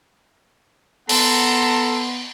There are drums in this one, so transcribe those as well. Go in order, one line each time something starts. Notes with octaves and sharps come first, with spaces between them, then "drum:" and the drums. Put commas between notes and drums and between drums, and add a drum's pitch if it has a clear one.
B3 A4 F#5 A5 A#5 C6, drum: open hi-hat